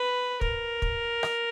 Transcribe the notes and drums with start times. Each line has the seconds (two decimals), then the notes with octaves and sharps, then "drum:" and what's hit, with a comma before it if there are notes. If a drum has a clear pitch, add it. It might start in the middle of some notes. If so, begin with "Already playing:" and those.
Already playing: B4
0.41 A#4, drum: kick
0.82 drum: kick
1.23 drum: rim click